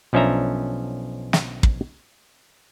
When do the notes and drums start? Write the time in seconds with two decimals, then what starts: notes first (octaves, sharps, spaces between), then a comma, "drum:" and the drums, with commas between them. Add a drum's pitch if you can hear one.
0.13 B1 F3 C#4 D4 E5 A#5
1.33 drum: snare
1.63 drum: kick